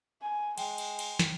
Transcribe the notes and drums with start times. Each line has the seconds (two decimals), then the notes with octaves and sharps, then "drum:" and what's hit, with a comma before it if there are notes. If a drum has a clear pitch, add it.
0.21 G#5
0.58 G#3 G5, drum: cymbal
0.78 drum: cymbal
0.99 drum: cymbal
1.19 drum: snare